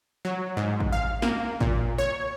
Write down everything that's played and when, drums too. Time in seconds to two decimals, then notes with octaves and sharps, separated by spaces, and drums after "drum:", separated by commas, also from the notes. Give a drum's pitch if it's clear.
0.25 F#3
0.57 G#2
0.80 drum: kick
0.92 F5
1.22 A#3, drum: snare
1.60 A#2, drum: kick
1.98 C#5